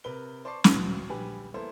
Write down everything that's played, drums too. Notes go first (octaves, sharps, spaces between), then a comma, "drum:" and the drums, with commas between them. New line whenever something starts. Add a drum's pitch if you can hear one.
C3 A#4 B4 G7
C5 D5 A5 C#6 D6 C7
D1 A#1 B3 D#6 G#6, drum: snare
A#1 D3 G3 G4 B4 G#5
A#3 B3 E4 A4 C5